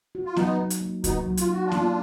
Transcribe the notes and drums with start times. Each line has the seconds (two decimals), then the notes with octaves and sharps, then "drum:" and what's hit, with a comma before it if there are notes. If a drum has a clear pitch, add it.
0.15 F#4
0.25 F4
0.36 F#3 B3 D#4, drum: snare B3
0.59 D#4
0.70 drum: hi-hat
0.81 A#3
1.04 B3 D#4 F#4, drum: kick C#2, hi-hat
1.26 F#3
1.37 F4, drum: hi-hat
1.49 D#4 F#4
1.65 D4 F4
1.72 A#3, drum: snare B3